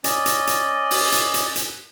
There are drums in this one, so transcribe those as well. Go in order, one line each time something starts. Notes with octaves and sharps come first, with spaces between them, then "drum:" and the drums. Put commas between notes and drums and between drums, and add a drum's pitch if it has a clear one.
C#4 D5 D#5, drum: hi-hat
drum: hi-hat
drum: hi-hat
drum: open hi-hat
drum: hi-hat
drum: hi-hat
drum: hi-hat